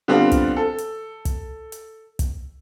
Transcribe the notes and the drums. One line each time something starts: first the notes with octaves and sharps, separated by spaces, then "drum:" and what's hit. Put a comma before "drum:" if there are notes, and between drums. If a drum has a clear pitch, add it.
D3 G3 B3 C4 D4 F4
drum: kick, hi-hat
A4
drum: hi-hat
drum: kick, hi-hat
drum: hi-hat
drum: kick, hi-hat